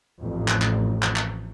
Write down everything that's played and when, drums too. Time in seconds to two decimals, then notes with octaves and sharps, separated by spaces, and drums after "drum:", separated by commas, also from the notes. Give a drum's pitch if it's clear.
0.21 A1 F2
0.48 drum: clap
0.62 drum: clap
1.03 drum: clap
1.16 drum: clap